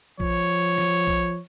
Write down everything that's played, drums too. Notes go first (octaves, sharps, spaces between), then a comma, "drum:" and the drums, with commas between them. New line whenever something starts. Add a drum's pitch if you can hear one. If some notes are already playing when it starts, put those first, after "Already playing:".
F3 C#5, drum: kick
drum: snare
drum: kick